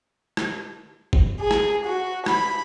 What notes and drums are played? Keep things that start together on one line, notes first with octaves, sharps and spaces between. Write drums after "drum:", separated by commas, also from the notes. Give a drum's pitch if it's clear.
drum: rim click
drum: kick G1
G#4
drum: rim click
F#4
B5, drum: rim click